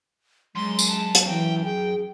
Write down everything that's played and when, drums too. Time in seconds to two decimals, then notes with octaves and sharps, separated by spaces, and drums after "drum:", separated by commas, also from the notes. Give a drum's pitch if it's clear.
0.55 F#2 G#3 C6
0.79 drum: tambourine
0.88 A5
1.15 drum: hi-hat
1.27 E3 G5
1.65 G#4 G5